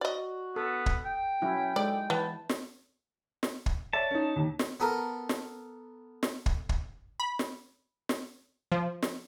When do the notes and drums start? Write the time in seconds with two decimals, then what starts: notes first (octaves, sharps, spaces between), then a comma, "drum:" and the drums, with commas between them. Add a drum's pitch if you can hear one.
0.01 F#4 D5 D#5
0.56 B3 A4
0.86 drum: kick
1.05 G5
1.42 F#3 C#4 E4
1.76 G#3 A4 D5
2.10 E3 B3 A5
2.49 drum: snare
3.43 drum: snare
3.66 drum: kick
3.93 C#5 D5 E5 A5
4.11 C#4 D#4
4.36 D#2
4.59 drum: snare
4.80 B3 A4 A#4
5.29 drum: snare
6.23 drum: snare
6.46 drum: kick
6.69 drum: kick
7.20 B5
7.39 drum: snare
8.09 drum: snare
8.72 F3
9.02 drum: snare